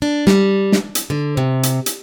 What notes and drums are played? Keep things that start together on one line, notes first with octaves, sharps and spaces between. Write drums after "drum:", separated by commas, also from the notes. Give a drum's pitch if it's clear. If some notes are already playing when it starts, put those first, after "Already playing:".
D4
G3, drum: snare
drum: snare
drum: hi-hat
D3
C3
drum: hi-hat
drum: hi-hat